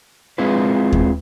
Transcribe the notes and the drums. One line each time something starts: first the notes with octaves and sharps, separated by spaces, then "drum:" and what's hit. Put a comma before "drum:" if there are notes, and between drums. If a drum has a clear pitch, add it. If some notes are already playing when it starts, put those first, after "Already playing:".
G#3 C4 E4 F4 G#4 B4
drum: kick D#2